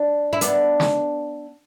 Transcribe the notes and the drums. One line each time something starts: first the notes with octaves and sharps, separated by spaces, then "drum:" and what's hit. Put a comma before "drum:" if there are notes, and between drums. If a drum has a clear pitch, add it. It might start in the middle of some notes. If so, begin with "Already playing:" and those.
Already playing: D4
E4
B3 D4, drum: hi-hat
drum: snare